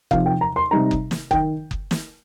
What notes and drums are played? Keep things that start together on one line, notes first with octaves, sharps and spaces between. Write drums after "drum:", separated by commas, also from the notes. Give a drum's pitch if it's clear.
C3 F3 D#4 F5, drum: kick F#1
G5
A#5
C6
C3 G3 D#4 A#5
drum: kick F#1
drum: snare
D#3 G5, drum: kick F#1
drum: kick F#1
drum: snare